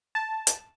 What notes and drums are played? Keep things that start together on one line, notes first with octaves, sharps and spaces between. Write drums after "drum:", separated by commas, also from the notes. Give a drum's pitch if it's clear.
A5
drum: hi-hat